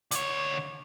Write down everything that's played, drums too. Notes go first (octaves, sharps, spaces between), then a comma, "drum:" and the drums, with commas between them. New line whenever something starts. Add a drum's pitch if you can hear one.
D3 C#5, drum: hi-hat